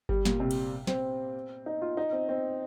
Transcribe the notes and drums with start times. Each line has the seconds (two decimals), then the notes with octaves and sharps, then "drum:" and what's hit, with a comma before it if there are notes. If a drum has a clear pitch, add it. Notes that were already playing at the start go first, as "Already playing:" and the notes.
0.09 G3, drum: kick G1
0.25 A#2, drum: snare
0.40 C3
0.51 drum: cymbal
0.87 C4, drum: snare
1.66 D#4
1.82 F4
1.97 D#4
2.12 C4
2.29 C4